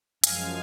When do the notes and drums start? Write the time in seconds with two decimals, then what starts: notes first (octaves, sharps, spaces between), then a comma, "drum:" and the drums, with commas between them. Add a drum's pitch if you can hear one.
0.24 F#2 F3 G#3 F5 G#5, drum: hi-hat